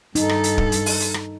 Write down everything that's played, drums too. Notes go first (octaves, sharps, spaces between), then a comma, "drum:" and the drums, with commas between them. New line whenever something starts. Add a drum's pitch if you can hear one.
G2 D#4 A4, drum: hi-hat
drum: rim click
drum: hi-hat
drum: kick
drum: hi-hat
drum: open hi-hat
drum: hi-hat
drum: rim click